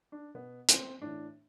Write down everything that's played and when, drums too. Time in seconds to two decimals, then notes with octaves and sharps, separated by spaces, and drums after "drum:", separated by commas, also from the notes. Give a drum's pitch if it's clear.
0.12 D4
0.34 B2 B3
0.69 C4, drum: hi-hat
1.02 A2 E3 D4